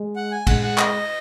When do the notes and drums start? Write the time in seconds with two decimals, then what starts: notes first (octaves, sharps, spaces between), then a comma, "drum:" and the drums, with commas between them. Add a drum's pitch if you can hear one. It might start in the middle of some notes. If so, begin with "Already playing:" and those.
Already playing: G#3
0.16 F#5
0.32 G#5
0.47 G#3 F#5, drum: kick, cymbal
0.63 F#5
0.78 D#5, drum: clap